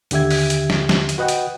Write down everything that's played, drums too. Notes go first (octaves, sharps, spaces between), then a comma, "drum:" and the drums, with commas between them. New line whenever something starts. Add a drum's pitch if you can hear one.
D#2 D3 G4 E5 G#6, drum: hi-hat
drum: open hi-hat
drum: hi-hat
drum: snare
drum: snare
drum: hi-hat
F#4 B4 D#5 F#5 G5
drum: hi-hat